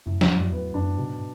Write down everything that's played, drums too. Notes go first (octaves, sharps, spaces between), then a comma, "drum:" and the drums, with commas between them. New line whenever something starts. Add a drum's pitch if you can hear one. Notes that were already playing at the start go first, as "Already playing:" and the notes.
F#2 A2
E2, drum: snare
F#3
F#2
E2 B3
F#2 D4
G#2 B2